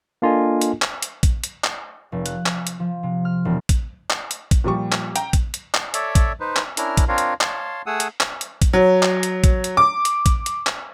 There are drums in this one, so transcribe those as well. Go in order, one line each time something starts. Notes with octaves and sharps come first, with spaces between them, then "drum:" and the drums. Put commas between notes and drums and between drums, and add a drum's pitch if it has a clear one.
A#3 D4 F4 A4 D#5 G#5
drum: hi-hat
drum: clap
drum: hi-hat
drum: kick, hi-hat
drum: hi-hat
drum: clap
F1
F#6, drum: hi-hat
drum: clap
drum: hi-hat
F3
C3
F6
E1
drum: kick, hi-hat
drum: clap
drum: hi-hat
drum: kick, hi-hat
A#2 F3 G3 C#6
drum: clap
G5 A#5, drum: hi-hat
drum: kick, hi-hat
drum: hi-hat
drum: clap
A4 C#5 D5 E5, drum: hi-hat
drum: kick, hi-hat
D#4 B4 C5
drum: clap
C#4 D4 E4 A#4 F6, drum: hi-hat
drum: kick, hi-hat
C4 D4 F4 A#4 C#5 F5
drum: hi-hat
C#5 F5 A5 C6, drum: clap
A3 G#4 F#5 D#6 E6
drum: hi-hat
drum: clap
drum: hi-hat
drum: kick, hi-hat
F#3
drum: clap
drum: hi-hat
drum: kick, hi-hat
drum: hi-hat
D6
drum: hi-hat
drum: kick, hi-hat
drum: hi-hat
drum: clap